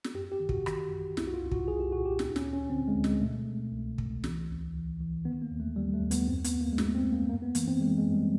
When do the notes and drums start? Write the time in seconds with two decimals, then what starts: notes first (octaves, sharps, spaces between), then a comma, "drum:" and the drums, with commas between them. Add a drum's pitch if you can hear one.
0.04 drum: snare
0.14 F#2 G4
0.32 G4
0.40 D#3
0.49 F#4, drum: kick
0.66 D#3, drum: rim click
0.91 F#2
1.17 C2 E4, drum: snare
1.27 F#4
1.34 F4
1.42 C2
1.51 F#4, drum: kick
1.68 C2 G#4
1.80 G4
1.92 A#2 F#4
2.05 G4
2.19 D2 D#4, drum: snare
2.36 C#4, drum: snare
2.44 D2
2.53 C#4
2.70 D3 C4
2.88 G#3
2.95 D2
3.04 G#3, drum: snare
3.21 B2 A3
3.47 B2
3.72 C2
3.98 C2, drum: kick
4.24 E3, drum: snare
4.49 D2
4.75 E3
5.00 E3
5.25 D#3 B3
5.42 A#3
5.51 D#2
5.60 A3
5.76 D#3 G3
5.93 A3
6.01 D#2
6.11 B3, drum: hi-hat
6.28 F#2 C4
6.44 B3, drum: hi-hat
6.53 F#2
6.61 A#3
6.73 G#3
6.78 F#2 A3, drum: snare
6.95 C4
7.04 F#2
7.13 A#3
7.29 F#2 A#3
7.42 B3
7.55 E3 A#3, drum: hi-hat
7.68 C4
7.81 E3 G#3
7.98 G#3
8.06 F#2
8.14 G3